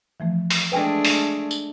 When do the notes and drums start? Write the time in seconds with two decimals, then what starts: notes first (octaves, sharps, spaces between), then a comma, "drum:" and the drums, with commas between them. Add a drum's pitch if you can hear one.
0.20 E3 F3 A3
0.50 drum: open hi-hat
0.72 G#3 A3 D4 B4 G5 G#5
1.05 drum: open hi-hat
1.51 drum: tambourine